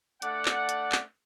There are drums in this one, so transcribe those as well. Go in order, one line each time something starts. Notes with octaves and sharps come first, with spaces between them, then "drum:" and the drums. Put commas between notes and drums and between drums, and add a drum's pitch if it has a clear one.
A3 D4 D5 F#5, drum: hi-hat
drum: clap
drum: hi-hat
drum: clap